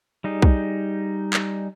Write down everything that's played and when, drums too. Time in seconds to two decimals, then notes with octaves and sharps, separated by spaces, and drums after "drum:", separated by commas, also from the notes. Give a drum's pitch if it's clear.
0.24 G3 D#4 G#4
0.42 drum: kick B1
1.33 drum: clap